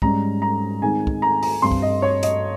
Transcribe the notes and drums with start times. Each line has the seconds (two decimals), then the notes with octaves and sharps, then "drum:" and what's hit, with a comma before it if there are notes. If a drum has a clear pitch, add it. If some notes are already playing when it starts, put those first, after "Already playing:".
0.02 G#2 G3 C#4 A#5, drum: kick
0.42 A#5
0.82 D#3 G#3 C4 D#4 G#5
1.07 drum: kick
1.22 A#5
1.43 A#5, drum: open hi-hat
1.62 G2 G3 C4 C6
1.71 drum: kick
1.82 D#5
2.02 C#5
2.23 D#5, drum: hi-hat